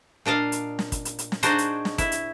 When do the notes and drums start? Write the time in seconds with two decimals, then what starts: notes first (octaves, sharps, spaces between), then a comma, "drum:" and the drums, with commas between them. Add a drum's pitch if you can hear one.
0.26 A#2 D4 D#5 F5
0.52 drum: hi-hat
0.79 drum: snare
0.92 drum: kick, hi-hat
1.05 drum: hi-hat
1.19 drum: hi-hat
1.32 drum: snare
1.43 D4 D#4 F#4 G#4 C5 D#5, drum: hi-hat
1.58 drum: hi-hat
1.85 drum: snare
1.98 E4, drum: kick, hi-hat
2.12 drum: hi-hat